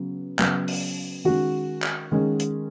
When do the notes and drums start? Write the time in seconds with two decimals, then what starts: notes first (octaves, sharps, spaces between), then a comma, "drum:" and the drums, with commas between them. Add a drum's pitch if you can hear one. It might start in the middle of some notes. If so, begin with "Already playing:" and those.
Already playing: C#3 F#3 B3
0.39 C#3 F#3 B3, drum: clap
0.68 drum: open hi-hat
1.24 D#3 G#3 C#4 F#4
1.82 drum: clap
2.12 D#3 G#3 C#4
2.40 drum: hi-hat